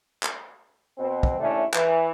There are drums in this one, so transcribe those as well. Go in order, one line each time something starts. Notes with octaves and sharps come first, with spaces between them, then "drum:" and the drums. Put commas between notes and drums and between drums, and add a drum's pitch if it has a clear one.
drum: clap
B2 C4
drum: kick
D#2 A3 C#4 D4 E4
E3, drum: clap